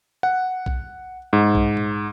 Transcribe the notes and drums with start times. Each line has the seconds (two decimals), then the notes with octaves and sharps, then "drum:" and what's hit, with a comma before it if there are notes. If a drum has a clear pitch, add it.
0.23 F#5
0.66 drum: kick
1.33 G#2
1.55 drum: kick
1.77 drum: tom A#2